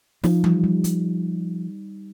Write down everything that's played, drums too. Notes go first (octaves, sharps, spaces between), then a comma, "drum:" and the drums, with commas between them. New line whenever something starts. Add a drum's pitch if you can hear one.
F3 D#4, drum: snare
G3, drum: tom E3
G3
G3, drum: hi-hat